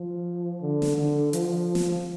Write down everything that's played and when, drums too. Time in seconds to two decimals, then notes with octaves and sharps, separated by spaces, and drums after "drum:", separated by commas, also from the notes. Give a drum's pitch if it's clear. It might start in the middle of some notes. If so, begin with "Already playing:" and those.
Already playing: F3
0.62 D3
0.82 drum: snare
0.96 D3
1.33 F3, drum: hi-hat
1.75 drum: snare